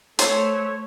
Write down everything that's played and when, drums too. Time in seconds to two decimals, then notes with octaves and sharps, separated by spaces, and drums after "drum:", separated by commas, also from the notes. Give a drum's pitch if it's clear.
0.19 A3 C5 C#5, drum: hi-hat